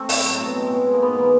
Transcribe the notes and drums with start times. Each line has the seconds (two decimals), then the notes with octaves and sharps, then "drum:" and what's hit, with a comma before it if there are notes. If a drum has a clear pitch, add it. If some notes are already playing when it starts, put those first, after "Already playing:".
Already playing: A3 C4
0.09 A2, drum: open hi-hat
0.24 F#3 A3
0.40 B2
0.54 G#3
0.70 B2
0.86 G#3
0.93 A#3
1.02 G#2 B3
1.17 E3 G#3 A#3